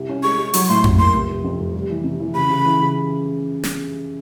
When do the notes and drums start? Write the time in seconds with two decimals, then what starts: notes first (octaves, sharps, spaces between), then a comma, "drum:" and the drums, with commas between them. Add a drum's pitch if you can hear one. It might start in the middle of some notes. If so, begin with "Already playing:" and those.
Already playing: C2
0.09 C#4
0.23 G#3 C#6
0.38 G#3
0.54 F#3 C#6, drum: open hi-hat
0.68 A2 C6
0.84 F#3, drum: tom F2
0.98 A#3 C6
1.14 F1
1.29 F1
1.44 F2
1.60 F1
1.74 G3
1.90 E3
2.04 C3
2.20 E3
2.34 C#3 B5
2.50 C#3
2.65 E3
2.80 C#3
3.64 drum: snare